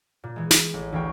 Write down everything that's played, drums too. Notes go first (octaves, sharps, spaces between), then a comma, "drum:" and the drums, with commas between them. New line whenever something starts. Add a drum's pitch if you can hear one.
A#2
E3 G#3
drum: snare
A1
D2 E3 F5 G5 C#6